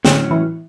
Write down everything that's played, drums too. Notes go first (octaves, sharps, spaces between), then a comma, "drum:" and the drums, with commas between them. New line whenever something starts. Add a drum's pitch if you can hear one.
A2 D3 F#3 C#4, drum: snare
E3